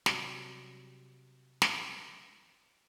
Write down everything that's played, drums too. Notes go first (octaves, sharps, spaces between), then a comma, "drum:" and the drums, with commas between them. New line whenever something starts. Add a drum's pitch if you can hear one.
C3 F#3 G3, drum: snare
drum: snare